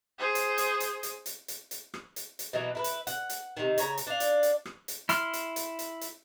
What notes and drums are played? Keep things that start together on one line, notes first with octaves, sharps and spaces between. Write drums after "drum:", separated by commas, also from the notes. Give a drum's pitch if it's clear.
G#4 C5
drum: hi-hat
drum: hi-hat
drum: hi-hat
drum: hi-hat
drum: hi-hat
drum: hi-hat
drum: hi-hat
drum: rim click
drum: hi-hat
drum: hi-hat
B2 E3 F#3 A#3
E4 A#4 B4
drum: hi-hat
F#5, drum: hi-hat
drum: hi-hat
C3 D#3
C#3 C#5 A#5, drum: hi-hat
drum: hi-hat
D4 F5
drum: hi-hat
drum: hi-hat
drum: rim click
drum: hi-hat
E4 C6 F6, drum: hi-hat
drum: hi-hat
drum: hi-hat
drum: hi-hat
drum: hi-hat